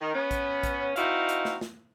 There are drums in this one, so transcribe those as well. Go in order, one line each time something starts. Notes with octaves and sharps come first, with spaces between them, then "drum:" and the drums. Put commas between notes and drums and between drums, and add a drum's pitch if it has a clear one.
D#3
B3 C#4
drum: kick A#1, hi-hat
drum: kick A#1, hi-hat
C4 D#4 E4 F#4 D#5 F5, drum: hi-hat
drum: hi-hat
drum: snare
drum: snare